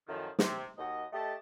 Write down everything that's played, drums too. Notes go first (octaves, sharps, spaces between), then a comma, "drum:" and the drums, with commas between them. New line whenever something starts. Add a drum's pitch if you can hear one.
F#2 A2 D#3 F3
C3, drum: snare
D#2 F#4 D#5
A3 G4 D#5 A5